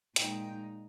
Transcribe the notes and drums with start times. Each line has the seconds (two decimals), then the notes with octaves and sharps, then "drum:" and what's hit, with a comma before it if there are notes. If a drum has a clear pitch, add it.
0.16 A#2 G#3 D#4 G5, drum: hi-hat